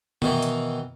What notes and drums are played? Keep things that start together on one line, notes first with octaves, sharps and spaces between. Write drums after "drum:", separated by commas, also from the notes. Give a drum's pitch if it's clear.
B2 D#3 E3, drum: tom C3
drum: hi-hat